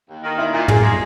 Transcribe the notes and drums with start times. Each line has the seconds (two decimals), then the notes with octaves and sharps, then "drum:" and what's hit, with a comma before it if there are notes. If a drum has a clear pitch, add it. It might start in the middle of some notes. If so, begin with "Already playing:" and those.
0.09 D#2
0.24 D#3
0.38 A#2 E4
0.54 A#2
0.68 A#2 G#4, drum: tom
0.83 G#3